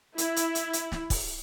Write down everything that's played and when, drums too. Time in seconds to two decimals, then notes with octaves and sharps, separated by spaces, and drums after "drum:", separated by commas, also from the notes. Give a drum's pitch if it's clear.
0.18 E4, drum: hi-hat
0.36 drum: hi-hat
0.55 drum: hi-hat
0.73 drum: hi-hat
0.92 drum: snare
1.10 drum: kick, open hi-hat